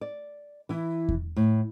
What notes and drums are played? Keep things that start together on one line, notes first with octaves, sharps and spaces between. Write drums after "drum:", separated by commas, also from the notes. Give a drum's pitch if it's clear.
D5
E3 E4
drum: kick E2
A2